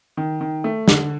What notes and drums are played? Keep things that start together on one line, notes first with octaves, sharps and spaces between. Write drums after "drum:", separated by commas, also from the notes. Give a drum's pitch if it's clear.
D#3
D#3
A3
D3, drum: snare